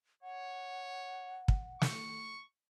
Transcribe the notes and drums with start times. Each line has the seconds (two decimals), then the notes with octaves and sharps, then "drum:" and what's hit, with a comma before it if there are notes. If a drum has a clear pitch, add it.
0.23 C#5 F#5
1.48 drum: kick
1.82 C#6, drum: snare